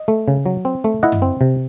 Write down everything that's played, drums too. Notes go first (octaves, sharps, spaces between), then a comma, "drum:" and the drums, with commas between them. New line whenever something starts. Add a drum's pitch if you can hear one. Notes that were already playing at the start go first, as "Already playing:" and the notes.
Already playing: D#5
A3
C#3
F#3
C4
A3
E4 D#5 F#5
drum: tom F#2
C4
C3